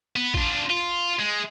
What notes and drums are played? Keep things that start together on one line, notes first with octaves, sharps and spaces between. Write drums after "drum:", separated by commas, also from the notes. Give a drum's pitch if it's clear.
B3
D4 F4, drum: kick
F4
G#3